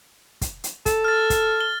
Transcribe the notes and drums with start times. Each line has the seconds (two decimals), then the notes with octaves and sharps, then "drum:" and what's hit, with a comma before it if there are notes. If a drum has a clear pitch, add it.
0.42 drum: kick, hi-hat
0.64 drum: hi-hat
0.86 A4, drum: kick, hi-hat
1.04 F6 A6
1.30 drum: kick, hi-hat
1.61 G7